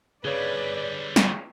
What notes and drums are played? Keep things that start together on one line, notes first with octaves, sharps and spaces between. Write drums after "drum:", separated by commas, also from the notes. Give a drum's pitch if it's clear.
D3 G3 G#4 B4 C#5 D5
drum: snare